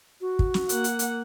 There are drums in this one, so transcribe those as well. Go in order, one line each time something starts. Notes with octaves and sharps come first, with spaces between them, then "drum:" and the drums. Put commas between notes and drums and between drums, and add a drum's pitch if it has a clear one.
F#4
drum: kick
drum: snare
A#3 F#5, drum: hi-hat
drum: hi-hat
drum: hi-hat